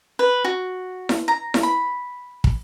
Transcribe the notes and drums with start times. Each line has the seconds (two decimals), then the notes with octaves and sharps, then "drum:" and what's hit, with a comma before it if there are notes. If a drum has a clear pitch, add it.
0.19 B4
0.44 F#4
1.09 drum: snare E4
1.28 A#5
1.54 drum: snare E4
1.63 B5
2.44 drum: kick